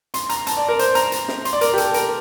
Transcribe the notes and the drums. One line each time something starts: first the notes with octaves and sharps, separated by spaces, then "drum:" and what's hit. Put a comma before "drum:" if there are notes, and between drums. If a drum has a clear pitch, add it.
C6, drum: hi-hat
A#5, drum: hi-hat
A5, drum: hi-hat
D5
A#4
C5, drum: hi-hat
A#5, drum: hi-hat
drum: hi-hat
drum: snare
C6, drum: hi-hat
D5
A#4, drum: hi-hat
G4
A4, drum: hi-hat
A#4, drum: hi-hat